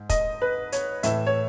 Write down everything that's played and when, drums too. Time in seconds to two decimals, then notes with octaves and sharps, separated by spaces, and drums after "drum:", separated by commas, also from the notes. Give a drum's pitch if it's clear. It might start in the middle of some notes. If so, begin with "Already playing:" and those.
Already playing: G#2
0.10 D#5, drum: kick, hi-hat
0.42 B4
0.72 C#5, drum: hi-hat
1.03 A2 E3 E5, drum: hi-hat
1.27 C#5